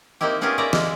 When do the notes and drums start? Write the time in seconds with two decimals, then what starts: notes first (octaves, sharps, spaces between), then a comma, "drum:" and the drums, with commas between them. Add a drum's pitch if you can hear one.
0.21 A#3 C4 D#4 E4 G4
0.41 B3 C#4 F4 G4 G#4 A#4
0.58 A#3 F4 D5 E5 A#5
0.73 G#3, drum: snare